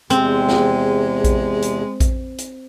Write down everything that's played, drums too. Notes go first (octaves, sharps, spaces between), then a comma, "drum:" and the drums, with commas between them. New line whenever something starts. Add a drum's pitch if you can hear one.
E2 C3 G#3 C4, drum: hi-hat
drum: snare
drum: kick A#1, hi-hat
drum: hi-hat
drum: kick A#1, hi-hat
drum: hi-hat